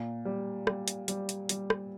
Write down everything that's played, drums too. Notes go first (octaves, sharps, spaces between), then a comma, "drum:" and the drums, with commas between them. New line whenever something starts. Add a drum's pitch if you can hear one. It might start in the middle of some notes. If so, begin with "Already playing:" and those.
Already playing: A#2
G3
G3, drum: rim click
drum: hi-hat
G3, drum: hi-hat
drum: hi-hat
G3, drum: hi-hat
drum: rim click